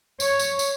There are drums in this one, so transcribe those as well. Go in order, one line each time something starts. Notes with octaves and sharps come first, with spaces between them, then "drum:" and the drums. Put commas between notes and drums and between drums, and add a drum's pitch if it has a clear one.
C#5, drum: tambourine
drum: tambourine
drum: tambourine